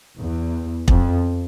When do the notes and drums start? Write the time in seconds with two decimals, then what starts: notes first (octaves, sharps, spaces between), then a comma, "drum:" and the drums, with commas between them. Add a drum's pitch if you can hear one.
0.18 E2
0.88 F2, drum: kick